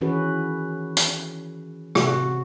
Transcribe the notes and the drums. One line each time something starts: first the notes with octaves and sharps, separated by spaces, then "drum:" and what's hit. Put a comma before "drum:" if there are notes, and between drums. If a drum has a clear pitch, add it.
D#3 E3 C#4 F#4 G#4 B4
drum: hi-hat
C3 F#4, drum: rim click